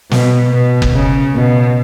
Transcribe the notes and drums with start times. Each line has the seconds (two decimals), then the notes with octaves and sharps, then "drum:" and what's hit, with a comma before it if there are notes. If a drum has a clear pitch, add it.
0.11 B2, drum: snare
0.52 B2
0.82 drum: kick F#1
0.94 C#3
1.35 B2